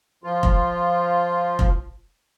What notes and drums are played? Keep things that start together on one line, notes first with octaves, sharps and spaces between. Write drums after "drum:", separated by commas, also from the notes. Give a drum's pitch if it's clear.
F3 F4
drum: kick F1
drum: kick F1